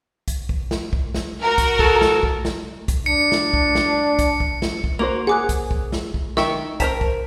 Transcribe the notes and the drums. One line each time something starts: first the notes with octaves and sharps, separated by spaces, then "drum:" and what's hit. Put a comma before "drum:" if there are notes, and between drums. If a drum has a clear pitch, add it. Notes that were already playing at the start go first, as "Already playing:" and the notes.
drum: kick, hi-hat
drum: kick
drum: snare
drum: kick
drum: snare
F#4 A#4
drum: kick, hi-hat
A4, drum: kick
drum: snare
drum: kick
drum: snare
drum: kick, hi-hat
D4 C#7
drum: snare
drum: kick
drum: snare
drum: kick, hi-hat
drum: kick
drum: snare
drum: kick
A#3 F#4 C5 F7
G#4 F#5 D6 F#6
drum: kick, hi-hat
drum: kick
drum: snare
drum: kick
D#3 D#5 E5 G5 C#6 E6, drum: snare
A#4 C5 G5 A5 A#5 B6, drum: kick, hi-hat
drum: kick